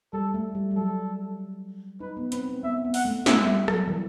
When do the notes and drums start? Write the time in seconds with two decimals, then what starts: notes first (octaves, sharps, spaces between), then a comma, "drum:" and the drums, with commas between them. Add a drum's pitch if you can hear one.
0.13 G3 A4
0.34 A3
0.55 G3
0.71 G3
0.76 F#3 A4
2.00 D#4 B4
2.17 B3
2.32 C4 B4, drum: hi-hat
2.48 C4
2.63 B3 E5
2.85 B3
2.94 F#5, drum: open hi-hat
3.05 A3
3.26 E5, drum: snare
3.47 G3
3.68 F#3, drum: rim click
3.88 E3